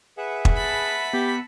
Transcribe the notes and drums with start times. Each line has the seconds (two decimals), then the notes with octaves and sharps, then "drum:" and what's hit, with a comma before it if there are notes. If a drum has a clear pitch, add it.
0.18 G#4 B4 E5 F#5
0.45 drum: kick
0.57 A5 B5
1.13 B3 G4